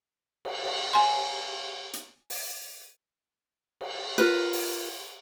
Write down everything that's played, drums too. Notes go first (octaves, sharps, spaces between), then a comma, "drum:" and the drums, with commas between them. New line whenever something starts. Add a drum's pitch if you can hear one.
drum: cymbal
drum: cymbal
G#5 C6
drum: hi-hat
drum: open hi-hat
drum: cymbal
F4 A#4 B4, drum: cymbal
drum: open hi-hat